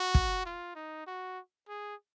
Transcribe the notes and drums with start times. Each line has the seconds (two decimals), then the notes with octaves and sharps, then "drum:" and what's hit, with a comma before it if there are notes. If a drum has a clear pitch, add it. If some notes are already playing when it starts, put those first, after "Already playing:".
Already playing: F#4
0.15 drum: kick
0.46 F4
0.76 D#4
1.07 F#4
1.69 G#4